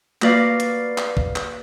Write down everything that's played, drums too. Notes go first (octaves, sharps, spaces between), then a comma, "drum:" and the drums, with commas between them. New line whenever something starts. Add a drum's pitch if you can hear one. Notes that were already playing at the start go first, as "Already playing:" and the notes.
A#3 F#4 B4 D5 F5, drum: clap
drum: hi-hat
drum: clap
drum: kick
drum: clap